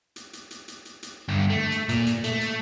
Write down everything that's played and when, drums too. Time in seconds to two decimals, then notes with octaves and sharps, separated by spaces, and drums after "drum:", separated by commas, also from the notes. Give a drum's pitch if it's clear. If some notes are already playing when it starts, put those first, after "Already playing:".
0.16 drum: hi-hat
0.33 drum: hi-hat
0.51 drum: hi-hat
0.68 drum: hi-hat
0.85 drum: hi-hat
1.03 drum: hi-hat
1.29 G2 D3
1.50 A3
1.72 drum: hi-hat
1.89 A#2, drum: hi-hat
2.07 drum: hi-hat
2.24 A3, drum: hi-hat
2.41 drum: hi-hat